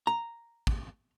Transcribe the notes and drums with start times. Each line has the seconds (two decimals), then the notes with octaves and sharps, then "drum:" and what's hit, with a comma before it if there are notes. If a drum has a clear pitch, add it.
0.07 A#5
0.67 drum: kick